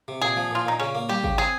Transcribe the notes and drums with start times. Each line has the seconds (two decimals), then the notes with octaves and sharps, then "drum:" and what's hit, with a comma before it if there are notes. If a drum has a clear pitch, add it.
0.08 C3
0.22 A#2 G#4
0.36 F3
0.51 A#2 F4
0.66 A#2 D#4
0.80 C#3 C#4
0.95 A#3
1.09 G3 G4
1.24 C#3, drum: kick G#1
1.38 C4 G#4